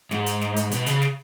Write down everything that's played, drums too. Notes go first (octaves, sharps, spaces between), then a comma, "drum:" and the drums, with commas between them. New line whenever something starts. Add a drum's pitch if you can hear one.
G#2, drum: snare
drum: hi-hat
drum: snare
drum: hi-hat
B2, drum: hi-hat
C#3, drum: hi-hat
drum: snare